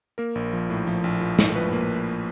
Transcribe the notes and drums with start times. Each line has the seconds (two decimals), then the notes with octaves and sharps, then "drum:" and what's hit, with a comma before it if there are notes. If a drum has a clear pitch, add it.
0.18 A#3 A#4
0.35 A#1
0.53 F3
0.70 A2
0.87 F3
1.04 A#1
1.21 F3
1.39 A2, drum: snare
1.56 F3 B4
1.73 A#3